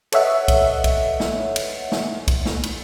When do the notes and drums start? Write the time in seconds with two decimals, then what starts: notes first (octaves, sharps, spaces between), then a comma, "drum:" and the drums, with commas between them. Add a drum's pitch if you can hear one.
0.12 A4 B4 C#5 D#5 E5 F#5, drum: cymbal
0.48 drum: kick B1, cymbal
0.84 drum: kick B1, cymbal
1.20 drum: snare
1.56 drum: cymbal
1.92 drum: snare
2.28 drum: kick B1, cymbal
2.45 drum: snare
2.63 drum: cymbal